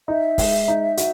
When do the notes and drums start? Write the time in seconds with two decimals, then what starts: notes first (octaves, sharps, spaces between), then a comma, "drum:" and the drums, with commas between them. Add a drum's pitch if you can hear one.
0.08 D#4 E5
0.38 G#3, drum: kick, open hi-hat
0.68 D#4
0.97 F#4, drum: hi-hat